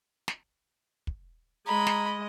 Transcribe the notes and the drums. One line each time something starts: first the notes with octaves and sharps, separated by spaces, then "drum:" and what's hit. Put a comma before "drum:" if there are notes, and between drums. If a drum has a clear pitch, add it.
drum: snare
drum: kick
G#3 D#5 A#5 B5
drum: snare